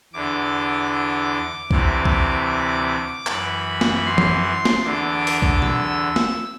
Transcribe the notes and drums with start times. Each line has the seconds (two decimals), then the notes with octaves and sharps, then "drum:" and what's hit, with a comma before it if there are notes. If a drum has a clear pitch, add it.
0.13 E2 D3 D6
1.71 D2 C3 E3, drum: kick B1
2.05 drum: kick B1
3.27 F#2 E3 B5, drum: clap
3.81 drum: snare
4.06 C6
4.18 drum: tom
4.65 drum: snare
4.84 E2 D3 D6
5.27 drum: open hi-hat
5.42 drum: kick B1
5.62 E6, drum: tom B2
6.16 drum: snare